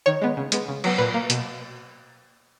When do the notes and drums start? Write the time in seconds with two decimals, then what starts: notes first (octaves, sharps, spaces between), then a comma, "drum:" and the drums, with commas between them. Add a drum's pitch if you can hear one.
0.06 D#3 C#5
0.22 G#3 B3
0.37 C#3
0.52 G#3 B3, drum: hi-hat
0.68 C#3
0.84 F#3 B3, drum: cymbal
0.98 A#2 B4
1.14 A#3
1.30 B2, drum: hi-hat